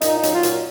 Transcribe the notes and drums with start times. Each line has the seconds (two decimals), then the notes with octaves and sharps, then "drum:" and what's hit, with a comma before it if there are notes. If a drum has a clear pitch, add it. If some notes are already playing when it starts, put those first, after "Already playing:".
0.01 A#2 D#4, drum: hi-hat
0.18 D#4
0.23 F#3, drum: hi-hat
0.34 F4
0.43 A#2, drum: hi-hat